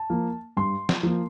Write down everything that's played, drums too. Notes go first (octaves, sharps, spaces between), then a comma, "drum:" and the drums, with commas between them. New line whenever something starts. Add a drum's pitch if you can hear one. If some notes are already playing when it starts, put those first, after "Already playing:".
Already playing: A5
F3 A#3
G2 C6
drum: snare
F3 A#3